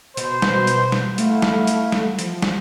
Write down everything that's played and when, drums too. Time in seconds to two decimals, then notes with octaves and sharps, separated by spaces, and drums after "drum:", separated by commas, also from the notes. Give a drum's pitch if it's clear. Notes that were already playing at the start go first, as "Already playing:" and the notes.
0.17 B2 B4 C5, drum: hi-hat
0.42 drum: snare
0.67 drum: hi-hat
0.92 drum: snare
1.18 A3 E4 F5 F#5, drum: hi-hat
1.42 drum: snare
1.67 drum: hi-hat
1.92 drum: snare
2.19 F3, drum: hi-hat
2.42 drum: snare